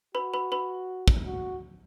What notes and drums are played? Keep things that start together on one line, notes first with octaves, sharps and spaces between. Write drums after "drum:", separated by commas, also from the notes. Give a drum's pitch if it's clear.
F#4 B4 B5
B4 B5
B4 B5
drum: kick
F#4